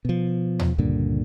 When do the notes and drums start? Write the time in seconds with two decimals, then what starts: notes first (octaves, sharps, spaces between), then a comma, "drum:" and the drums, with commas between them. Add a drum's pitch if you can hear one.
0.05 B2 F3
0.59 drum: tom D#2
0.78 C#2 G2 A#2 D3